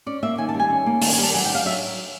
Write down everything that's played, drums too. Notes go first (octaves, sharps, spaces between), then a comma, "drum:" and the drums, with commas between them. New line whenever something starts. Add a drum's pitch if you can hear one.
C#4 D5
A#3 E5
D#3 G#5
A5
G3 G#5
C#4
A#3
D#3 A5, drum: open hi-hat
G#5
G3
A5
F#3 G#5
G5
D4
F5
F#3 E5